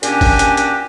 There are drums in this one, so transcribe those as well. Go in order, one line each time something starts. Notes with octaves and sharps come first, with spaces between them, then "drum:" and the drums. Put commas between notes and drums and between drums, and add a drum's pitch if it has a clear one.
A#2 C#4 D4 F#4 G4 G#5, drum: hi-hat
drum: kick G#1, open hi-hat
drum: hi-hat
drum: hi-hat